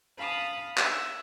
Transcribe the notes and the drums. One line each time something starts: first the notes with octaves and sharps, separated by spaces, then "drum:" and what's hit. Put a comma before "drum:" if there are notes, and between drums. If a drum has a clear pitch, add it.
F5 A5 B5 D#6
E5 F#5, drum: clap